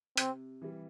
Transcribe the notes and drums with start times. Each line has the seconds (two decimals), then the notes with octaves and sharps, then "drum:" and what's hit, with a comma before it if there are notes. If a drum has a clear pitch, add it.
0.17 C3 C4, drum: hi-hat
0.62 E3 G3